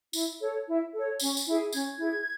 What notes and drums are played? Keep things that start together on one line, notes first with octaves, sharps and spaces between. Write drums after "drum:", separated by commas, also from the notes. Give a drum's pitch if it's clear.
E4, drum: tambourine
A4 C#5
E4
A4 C#5
C#4, drum: tambourine
drum: tambourine
E4 G#4
C#4 G#6, drum: tambourine
E4 G#4